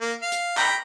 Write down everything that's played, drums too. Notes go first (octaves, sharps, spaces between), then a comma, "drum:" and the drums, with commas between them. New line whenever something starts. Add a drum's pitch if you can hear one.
A#3
F5
drum: hi-hat
G5 A#5 B5, drum: clap